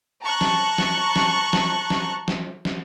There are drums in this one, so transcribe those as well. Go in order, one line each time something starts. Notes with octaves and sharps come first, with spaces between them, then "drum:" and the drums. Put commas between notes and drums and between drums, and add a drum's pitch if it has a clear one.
A5 A#5 C#6 F#6
drum: snare
drum: snare
drum: snare
drum: snare
drum: snare
drum: snare
drum: snare